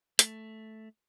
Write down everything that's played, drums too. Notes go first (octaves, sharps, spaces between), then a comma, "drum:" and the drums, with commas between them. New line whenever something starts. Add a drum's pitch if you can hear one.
A3, drum: hi-hat